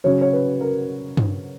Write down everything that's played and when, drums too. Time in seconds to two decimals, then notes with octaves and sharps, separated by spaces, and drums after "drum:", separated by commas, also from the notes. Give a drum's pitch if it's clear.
0.04 C#3 F#3 C#5
0.21 C#5
0.33 B4
0.61 A#4
1.17 drum: tom G2